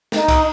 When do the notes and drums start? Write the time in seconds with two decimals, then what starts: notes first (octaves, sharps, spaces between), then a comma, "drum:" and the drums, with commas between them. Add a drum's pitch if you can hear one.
0.12 D#4, drum: snare
0.28 drum: kick, cymbal